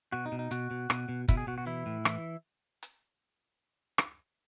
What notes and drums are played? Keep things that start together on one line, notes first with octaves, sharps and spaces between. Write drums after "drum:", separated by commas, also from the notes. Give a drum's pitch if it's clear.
B2 F#4
D#4
B2
D#4
B2 F#4, drum: hi-hat
B2
B2, drum: rim click
B2
B2 E4, drum: kick, hi-hat
G#4
B2 F#4
F#4
E3 E4
A2
E3, drum: rim click
drum: hi-hat
drum: rim click